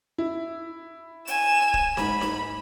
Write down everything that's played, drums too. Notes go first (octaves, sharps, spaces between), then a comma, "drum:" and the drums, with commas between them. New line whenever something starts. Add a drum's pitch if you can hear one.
E4
G#5 E7, drum: hi-hat
drum: kick D1
G#2 B5, drum: snare D#4
drum: snare D#4